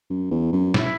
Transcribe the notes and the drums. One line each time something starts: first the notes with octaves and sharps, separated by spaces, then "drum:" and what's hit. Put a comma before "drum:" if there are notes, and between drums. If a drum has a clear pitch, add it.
F#2
E2
F#2
E4, drum: snare